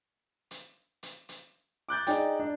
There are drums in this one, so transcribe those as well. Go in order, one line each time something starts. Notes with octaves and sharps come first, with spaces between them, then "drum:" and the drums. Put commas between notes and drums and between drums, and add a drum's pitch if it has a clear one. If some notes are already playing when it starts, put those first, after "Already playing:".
drum: hi-hat
drum: hi-hat
drum: hi-hat
D6 F#6 G6 A6
D#4 G#4 D5 G5, drum: hi-hat
D4